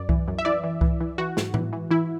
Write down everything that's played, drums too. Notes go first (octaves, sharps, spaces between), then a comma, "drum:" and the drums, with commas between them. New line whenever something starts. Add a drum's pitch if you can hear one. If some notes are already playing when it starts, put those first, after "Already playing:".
Already playing: F#2 D5
E3, drum: kick C2
F#2
E5
E3 D5
E3
E3, drum: kick C2
E3
E3 F#4
G#2, drum: snare
E3, drum: tom A2
E3
E3 E4